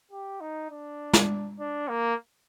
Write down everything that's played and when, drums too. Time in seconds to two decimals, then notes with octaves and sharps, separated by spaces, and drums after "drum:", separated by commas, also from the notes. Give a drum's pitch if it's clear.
0.11 G4
0.41 D#4
0.71 D4
1.13 drum: snare
1.59 D4
1.88 A#3